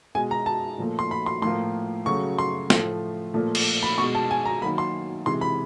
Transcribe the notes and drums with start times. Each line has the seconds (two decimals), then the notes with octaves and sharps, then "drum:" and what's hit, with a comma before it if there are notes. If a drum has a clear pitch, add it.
0.15 B2 G#3 G#5
0.31 A#5
0.46 A5
0.78 A#2 F3 A3
0.99 C6
1.11 B5
1.26 C6
1.42 A2 F3 A#3 C6
2.06 C#3 F#3 A3 C#6
2.39 C6
2.70 A2 F3 A3, drum: snare
3.34 A#2 F3 A3
3.55 drum: cymbal
3.83 B5
3.98 B2 G#3 C#6
4.15 A5
4.31 G#5
4.45 A#5
4.62 D#3 F#3 A#3 B5
4.78 C6
5.26 C3 E3 G#3 C6
5.41 B5